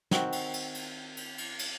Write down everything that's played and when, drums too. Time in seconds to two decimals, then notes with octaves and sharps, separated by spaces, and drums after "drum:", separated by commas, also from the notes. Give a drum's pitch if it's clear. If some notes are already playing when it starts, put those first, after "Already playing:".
0.11 D#3 C4 F#4, drum: snare
0.32 drum: cymbal
0.54 drum: cymbal
0.75 drum: cymbal
1.17 drum: cymbal
1.38 drum: cymbal
1.59 drum: cymbal